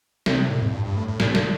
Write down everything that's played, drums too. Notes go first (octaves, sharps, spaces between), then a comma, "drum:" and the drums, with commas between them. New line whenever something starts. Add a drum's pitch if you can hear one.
C3, drum: snare
A2
F2
G2
G2
A2
A2
C3, drum: snare
D3, drum: snare